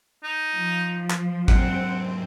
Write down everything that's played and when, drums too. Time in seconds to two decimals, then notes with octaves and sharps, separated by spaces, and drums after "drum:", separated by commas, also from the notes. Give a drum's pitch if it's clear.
0.23 D#4
0.56 F3
1.10 drum: clap
1.48 G#2 F#3 G#3 C4 F#5, drum: kick G#1